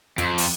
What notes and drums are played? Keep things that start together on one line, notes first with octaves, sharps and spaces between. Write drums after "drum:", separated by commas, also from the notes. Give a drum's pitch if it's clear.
F2, drum: hi-hat
drum: open hi-hat